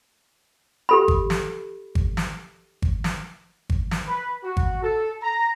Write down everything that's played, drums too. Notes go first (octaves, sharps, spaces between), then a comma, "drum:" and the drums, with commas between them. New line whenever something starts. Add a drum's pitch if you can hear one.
G4 A4 B5
drum: kick G#1
drum: snare
drum: kick G#1
drum: snare
drum: kick G#1
drum: snare
drum: kick G#1
drum: snare
B4
F#4
drum: kick G#1
A4
A#5